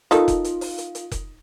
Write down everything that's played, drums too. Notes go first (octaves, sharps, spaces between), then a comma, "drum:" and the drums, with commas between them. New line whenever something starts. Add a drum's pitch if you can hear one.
D#3 D#4 F4 A4, drum: hi-hat
drum: kick F1, hi-hat
drum: hi-hat
drum: open hi-hat
drum: hi-hat
drum: hi-hat
drum: kick F1, hi-hat